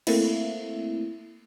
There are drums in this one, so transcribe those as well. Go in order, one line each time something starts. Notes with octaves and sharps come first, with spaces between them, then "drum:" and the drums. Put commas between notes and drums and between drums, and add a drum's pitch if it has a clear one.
A3 A#3 C4 E4, drum: cymbal